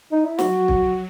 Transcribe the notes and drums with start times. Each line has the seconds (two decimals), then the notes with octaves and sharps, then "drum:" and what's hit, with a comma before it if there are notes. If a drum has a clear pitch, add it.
0.12 D#4
0.25 E4
0.39 F#3 F#4, drum: snare
0.68 drum: kick